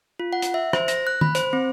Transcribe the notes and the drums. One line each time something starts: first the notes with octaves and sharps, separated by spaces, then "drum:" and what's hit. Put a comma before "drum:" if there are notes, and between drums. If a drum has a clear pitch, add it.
F4
F#5
drum: hi-hat
E5
C5, drum: rim click
A#6, drum: hi-hat
F#6
B5, drum: tom
C5, drum: hi-hat
C4